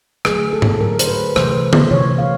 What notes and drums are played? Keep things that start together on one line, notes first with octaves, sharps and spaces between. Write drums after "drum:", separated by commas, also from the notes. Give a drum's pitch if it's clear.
D3 F#3 A3 G#4, drum: rim click
A4
drum: tom G#2
D3 F#3 A3 A#4
C5, drum: hi-hat
B4
C3 E3 A3 C5, drum: rim click
drum: tom D3
C3 E3 A3 C#5
F5